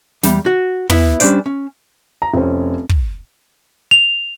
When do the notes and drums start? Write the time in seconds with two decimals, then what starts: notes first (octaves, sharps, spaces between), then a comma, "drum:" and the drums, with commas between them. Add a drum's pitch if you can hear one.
0.23 E2 G3, drum: snare
0.46 F#4
0.90 B3 E4 E5, drum: tom
1.20 G3 C#4 D4 C5 D5, drum: hi-hat
1.46 C#4
2.22 A#5
2.34 F1 C4 C#4
2.89 drum: kick
3.91 F7